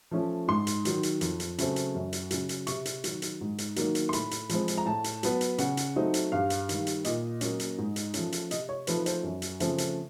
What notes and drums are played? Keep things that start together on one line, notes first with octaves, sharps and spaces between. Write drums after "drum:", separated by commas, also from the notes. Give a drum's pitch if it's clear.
F3 A3 C#4
G#2 C6
drum: hi-hat
D#3 F#3, drum: hi-hat
drum: hi-hat
F2, drum: hi-hat
drum: hi-hat
C#3 F#3 A3 C4, drum: hi-hat
drum: hi-hat
F#2
drum: hi-hat
C#3 F#3, drum: hi-hat
drum: hi-hat
C3 C#6, drum: hi-hat
drum: hi-hat
D#3 F#3, drum: hi-hat
drum: hi-hat
G#2
drum: hi-hat
D#3 F#3 A#3 D#4, drum: hi-hat
drum: hi-hat
C6
A2 B5, drum: hi-hat
drum: hi-hat
F3 G#3 C4, drum: hi-hat
drum: hi-hat
A#5
A2 A5
drum: hi-hat
F#3 B3, drum: hi-hat
drum: hi-hat
C#3 F#5, drum: hi-hat
drum: hi-hat
F#3 A3 C4 D#4
drum: hi-hat
G2 F5
drum: hi-hat
D#3 G3, drum: hi-hat
drum: hi-hat
A#2 D#5, drum: hi-hat
F#3 A#3 C#4, drum: hi-hat
drum: hi-hat
G#2
drum: hi-hat
F3 A3 C#4, drum: hi-hat
drum: hi-hat
C3 D#5, drum: hi-hat
C#5
F3 A3 C4 D#4 B4, drum: hi-hat
C5, drum: hi-hat
F#2
drum: hi-hat
C#3 F3 A3 C4, drum: hi-hat
drum: hi-hat